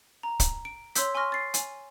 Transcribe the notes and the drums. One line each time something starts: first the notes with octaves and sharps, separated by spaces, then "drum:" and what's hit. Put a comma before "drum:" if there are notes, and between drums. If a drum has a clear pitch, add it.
A#5
drum: kick, hi-hat
D7
C#5 C6 E6 G6 B6, drum: hi-hat
G#5 C6 C#6 F6 A#6
A6 C7
G#5, drum: hi-hat